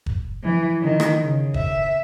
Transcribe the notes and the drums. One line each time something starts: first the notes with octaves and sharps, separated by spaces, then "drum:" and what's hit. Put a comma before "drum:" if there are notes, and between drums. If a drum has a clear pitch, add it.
drum: kick
E3
D#3
drum: rim click
C#3
E5, drum: kick